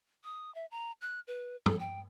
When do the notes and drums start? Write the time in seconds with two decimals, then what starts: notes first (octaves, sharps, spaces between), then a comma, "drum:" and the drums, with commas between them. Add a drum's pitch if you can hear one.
0.24 D#6
0.55 E5
0.71 A#5
1.01 F#6
1.27 B4
1.66 A4, drum: tom
1.80 G5